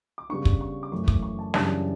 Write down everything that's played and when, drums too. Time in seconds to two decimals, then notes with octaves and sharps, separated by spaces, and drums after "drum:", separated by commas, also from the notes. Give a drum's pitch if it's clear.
0.18 D6
0.29 C#3 G3 B3 D4 C#6
0.45 drum: kick
0.61 C#6
0.83 D6
0.92 F#2 E3 A3 C#6
1.08 D6, drum: kick
1.23 C#6
1.39 A5
1.54 F#2 C#3 E3 G3 D4 A5, drum: snare